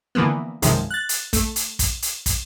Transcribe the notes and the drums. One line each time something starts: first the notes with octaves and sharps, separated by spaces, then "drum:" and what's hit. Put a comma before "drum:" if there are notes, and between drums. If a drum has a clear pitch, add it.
D3 E3 F3 A#3 B3
B1 F#2 C3 D#3 F3 G#3, drum: hi-hat
F#6 A6
drum: hi-hat
A3, drum: kick, hi-hat
drum: hi-hat
drum: kick, hi-hat
drum: hi-hat
drum: kick, hi-hat